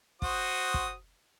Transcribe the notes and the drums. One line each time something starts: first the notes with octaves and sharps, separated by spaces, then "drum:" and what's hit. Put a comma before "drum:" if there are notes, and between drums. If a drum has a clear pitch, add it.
F#4 C5 D#6, drum: kick
drum: kick